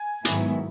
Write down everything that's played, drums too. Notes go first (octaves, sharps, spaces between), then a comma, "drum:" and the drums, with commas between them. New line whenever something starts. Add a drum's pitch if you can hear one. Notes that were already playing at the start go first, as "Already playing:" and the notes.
Already playing: G#5
G#2 D#3 F#3 B3 E4, drum: hi-hat